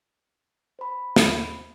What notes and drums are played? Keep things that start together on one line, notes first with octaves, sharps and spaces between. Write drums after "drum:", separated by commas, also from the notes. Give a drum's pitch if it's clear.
C5 B5
drum: snare